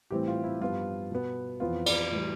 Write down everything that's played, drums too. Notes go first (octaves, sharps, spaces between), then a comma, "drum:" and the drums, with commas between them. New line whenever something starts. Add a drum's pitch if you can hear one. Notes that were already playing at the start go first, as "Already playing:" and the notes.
A2 E3 G3 C4 G4
F4
E4
G2 F3 B3 F4
B2 B3
F2 E3 B3 F4
D5, drum: cymbal
A2 E3 G3